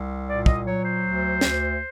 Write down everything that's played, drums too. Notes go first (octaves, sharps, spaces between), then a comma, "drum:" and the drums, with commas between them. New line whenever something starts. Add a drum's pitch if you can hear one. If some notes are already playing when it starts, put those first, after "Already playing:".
Already playing: C2
A#2 D5
D#5, drum: kick
F#3 C#5
C5
D2
D2, drum: snare